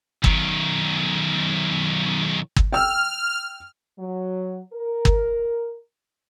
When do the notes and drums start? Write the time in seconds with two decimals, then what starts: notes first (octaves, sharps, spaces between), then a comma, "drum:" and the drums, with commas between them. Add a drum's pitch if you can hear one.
0.24 B1 D#3, drum: kick
2.56 drum: kick
2.72 G5 E6 F6
3.98 F#3
4.73 A#4
5.05 drum: kick